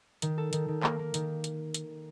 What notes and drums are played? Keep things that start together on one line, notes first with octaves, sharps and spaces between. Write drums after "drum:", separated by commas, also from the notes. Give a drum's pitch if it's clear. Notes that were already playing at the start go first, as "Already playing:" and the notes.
D#3, drum: hi-hat
A4
D#3, drum: hi-hat
D#3
A#3, drum: clap
A#3
D#3, drum: hi-hat
drum: hi-hat
drum: hi-hat